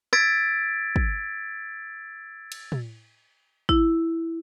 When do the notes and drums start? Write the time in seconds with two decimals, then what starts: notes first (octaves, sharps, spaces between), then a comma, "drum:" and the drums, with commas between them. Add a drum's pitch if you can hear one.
0.13 E6 G#6 A6 B6 D7, drum: rim click
0.96 drum: kick
2.52 drum: cymbal
2.72 drum: tom
3.69 E4, drum: kick